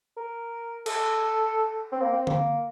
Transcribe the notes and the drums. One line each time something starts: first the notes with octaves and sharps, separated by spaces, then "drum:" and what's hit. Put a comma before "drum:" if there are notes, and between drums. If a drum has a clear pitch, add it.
A#4
A4, drum: cymbal
C4
A#3
C4
A#3, drum: tom D3